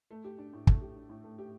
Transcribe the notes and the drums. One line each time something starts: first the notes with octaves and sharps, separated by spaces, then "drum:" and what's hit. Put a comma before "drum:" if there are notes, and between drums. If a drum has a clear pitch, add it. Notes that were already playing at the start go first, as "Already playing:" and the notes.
A3
G4
D4
A2
A3, drum: kick
G4
D4
A2
A3
G4